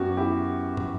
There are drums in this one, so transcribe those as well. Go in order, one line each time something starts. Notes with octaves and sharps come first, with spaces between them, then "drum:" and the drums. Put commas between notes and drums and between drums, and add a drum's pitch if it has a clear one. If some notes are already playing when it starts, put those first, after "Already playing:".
Already playing: F#2 B3 F#4 G4
E4 G4
drum: tom